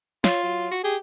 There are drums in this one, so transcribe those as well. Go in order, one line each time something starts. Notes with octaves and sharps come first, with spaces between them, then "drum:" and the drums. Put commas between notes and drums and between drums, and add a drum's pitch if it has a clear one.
F4 C#5, drum: snare
F#3
F#4
G4 G#4